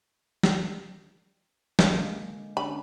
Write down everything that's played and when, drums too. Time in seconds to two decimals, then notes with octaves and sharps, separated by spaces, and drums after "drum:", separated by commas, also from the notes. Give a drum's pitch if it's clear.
0.43 drum: snare
1.79 D3 G#3 A#3, drum: snare
2.57 D3 C#4 D4 B5